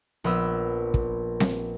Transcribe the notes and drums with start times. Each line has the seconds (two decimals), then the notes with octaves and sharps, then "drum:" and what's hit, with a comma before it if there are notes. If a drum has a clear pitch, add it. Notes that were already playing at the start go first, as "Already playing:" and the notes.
0.24 A#1 B3 E6
0.94 drum: kick
1.40 drum: snare C4